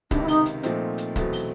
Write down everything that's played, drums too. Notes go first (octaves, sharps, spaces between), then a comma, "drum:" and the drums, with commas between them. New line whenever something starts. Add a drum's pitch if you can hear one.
C#2 C3 D#3 D4, drum: kick C#1, hi-hat
E4
D#4, drum: open hi-hat
drum: hi-hat
A#2 F3 A3 C4 D#4, drum: hi-hat
drum: hi-hat
E2 B2 F#3 A3 C4, drum: kick C#1, hi-hat
drum: open hi-hat